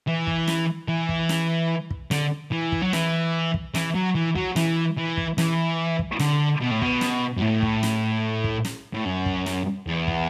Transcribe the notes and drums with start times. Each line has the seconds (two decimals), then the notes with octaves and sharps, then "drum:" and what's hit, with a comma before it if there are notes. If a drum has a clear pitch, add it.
0.07 E3
0.27 drum: kick
0.48 drum: snare
0.88 E3
1.09 drum: kick
1.29 drum: snare
1.91 drum: kick
2.11 D3, drum: snare
2.52 E3
2.72 drum: kick
2.82 F#3
2.93 E3, drum: snare
3.54 drum: kick
3.75 E3, drum: snare
3.95 F#3
4.15 E3
4.36 F#3, drum: kick
4.56 E3, drum: snare
4.97 E3
5.17 drum: kick
5.38 E3, drum: snare
5.99 drum: kick
6.19 D3, drum: snare
6.61 B2
6.71 A2
6.82 B2, drum: kick
7.01 drum: snare
7.37 F#2
7.42 A2
7.62 drum: kick
7.83 drum: snare
8.44 drum: kick
8.65 drum: snare
8.94 A2
9.05 F#2
9.26 drum: kick
9.46 drum: snare
9.87 E2
10.08 drum: kick